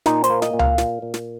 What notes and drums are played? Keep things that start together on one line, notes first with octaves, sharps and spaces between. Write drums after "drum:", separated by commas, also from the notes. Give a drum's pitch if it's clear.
A#2 D#4, drum: snare
C5, drum: hi-hat
A#3
D#5, drum: snare
A#2
F5, drum: tom C#2
A#2, drum: snare
A#2
drum: snare